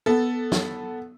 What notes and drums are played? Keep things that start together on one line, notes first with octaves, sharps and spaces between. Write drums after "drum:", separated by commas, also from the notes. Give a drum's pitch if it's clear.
B3 A4
drum: snare